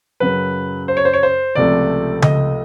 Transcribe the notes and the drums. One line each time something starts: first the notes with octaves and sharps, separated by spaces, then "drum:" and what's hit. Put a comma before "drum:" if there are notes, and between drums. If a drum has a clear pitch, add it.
F#2 C#3 F#3 B4
C5
C#5
C5
C#5
C5
C#2 C3 F3 A3 D5
D#5, drum: tom C#3